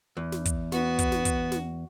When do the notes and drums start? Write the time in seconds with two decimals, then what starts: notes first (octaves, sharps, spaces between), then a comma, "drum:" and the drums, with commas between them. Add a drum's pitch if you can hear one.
0.17 E2
0.32 drum: snare
0.46 drum: kick, hi-hat
0.72 B3 F#4, drum: snare
0.99 drum: kick, hi-hat
1.12 drum: snare
1.25 drum: kick, hi-hat
1.52 drum: snare